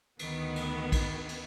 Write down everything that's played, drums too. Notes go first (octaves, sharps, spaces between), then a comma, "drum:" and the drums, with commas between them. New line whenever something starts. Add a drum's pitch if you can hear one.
D2 D#3 B3, drum: cymbal
drum: cymbal
drum: kick A#1, cymbal
drum: cymbal